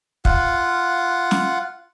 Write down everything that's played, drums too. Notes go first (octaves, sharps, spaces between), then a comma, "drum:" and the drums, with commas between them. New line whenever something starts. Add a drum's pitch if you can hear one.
F4 F#5, drum: kick
drum: snare